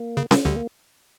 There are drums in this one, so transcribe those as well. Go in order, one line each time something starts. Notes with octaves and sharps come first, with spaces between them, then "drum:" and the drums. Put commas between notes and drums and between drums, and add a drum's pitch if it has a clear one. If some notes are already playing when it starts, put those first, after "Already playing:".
Already playing: A#3
C#3
C#3, drum: snare C#4
D2 D3 G3
A#3